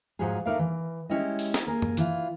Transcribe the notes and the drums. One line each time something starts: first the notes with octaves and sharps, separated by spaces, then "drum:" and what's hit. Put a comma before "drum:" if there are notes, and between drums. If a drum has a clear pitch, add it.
G#2 F3 F#3 F4 G#4
A3 D#4 A#4 D5 E5 F5
E3
G#3 C#4 E4 G4 D#5
drum: open hi-hat
drum: snare
A#3 G#4 A#4
drum: tom F#2
E3 F4, drum: hi-hat